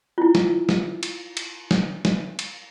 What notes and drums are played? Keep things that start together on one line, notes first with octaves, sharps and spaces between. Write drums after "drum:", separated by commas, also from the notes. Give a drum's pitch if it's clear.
E4 F4
drum: snare
drum: snare
drum: cymbal
drum: cymbal
drum: snare
drum: snare
drum: cymbal